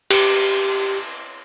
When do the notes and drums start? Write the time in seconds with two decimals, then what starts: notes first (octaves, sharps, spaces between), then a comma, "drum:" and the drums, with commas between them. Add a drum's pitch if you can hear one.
0.11 G4, drum: cymbal